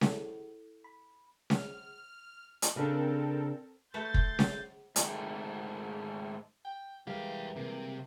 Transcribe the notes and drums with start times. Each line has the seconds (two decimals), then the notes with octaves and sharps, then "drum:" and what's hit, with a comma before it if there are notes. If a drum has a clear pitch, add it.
0.01 E4 A4, drum: snare C#4
0.84 B5
1.50 F6, drum: snare C#4
2.62 drum: hi-hat
2.76 C#3 C4 D4 A4 A#4
3.94 A3 F#4 B4 C6 G6 A6
4.14 drum: kick
4.39 drum: snare C#4
4.96 G#2 D#3 A3, drum: hi-hat
6.65 G5
7.07 E3 G3 G#3 G4 A#4 F5
7.56 C3 A#3